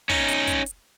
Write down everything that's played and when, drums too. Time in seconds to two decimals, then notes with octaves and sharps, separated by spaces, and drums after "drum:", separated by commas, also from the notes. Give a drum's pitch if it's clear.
0.09 C#4 D#4, drum: kick, open hi-hat
0.28 drum: hi-hat
0.47 drum: kick, hi-hat
0.66 drum: hi-hat